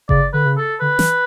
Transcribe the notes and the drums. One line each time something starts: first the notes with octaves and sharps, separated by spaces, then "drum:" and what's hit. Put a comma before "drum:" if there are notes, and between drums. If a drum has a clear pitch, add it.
C#3 D5, drum: kick G1
D3 B4
C#3
A4
D3 B4
E3, drum: snare